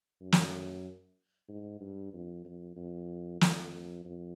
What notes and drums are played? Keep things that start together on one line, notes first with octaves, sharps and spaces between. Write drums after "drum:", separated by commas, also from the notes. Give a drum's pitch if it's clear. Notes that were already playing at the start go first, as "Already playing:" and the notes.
F#2
drum: snare
G#2
G2
F2
F2
F2
F2, drum: snare
F2